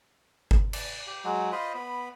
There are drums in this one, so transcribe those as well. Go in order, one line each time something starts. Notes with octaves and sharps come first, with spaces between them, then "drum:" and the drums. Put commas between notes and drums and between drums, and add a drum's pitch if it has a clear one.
drum: kick G1
D5, drum: cymbal
G4
F#3 G#3 F#4
F4 C5 D#5 B5
B3 B5